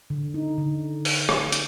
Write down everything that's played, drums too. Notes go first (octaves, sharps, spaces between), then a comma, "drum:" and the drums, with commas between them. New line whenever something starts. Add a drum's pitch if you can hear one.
D3
D#4
D3
drum: open hi-hat
drum: rim click
drum: hi-hat